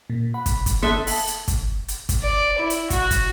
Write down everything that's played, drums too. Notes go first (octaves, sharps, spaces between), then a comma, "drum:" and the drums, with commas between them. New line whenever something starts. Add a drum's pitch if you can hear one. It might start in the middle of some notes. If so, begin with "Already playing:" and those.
A#2
F#5 B5
drum: kick, hi-hat
drum: kick, hi-hat
A4 E5 C6 D#6 F#6
drum: open hi-hat
drum: hi-hat
drum: kick, hi-hat
drum: hi-hat
drum: kick, hi-hat
D5
E4
drum: hi-hat
F#4, drum: kick, hi-hat
drum: kick, hi-hat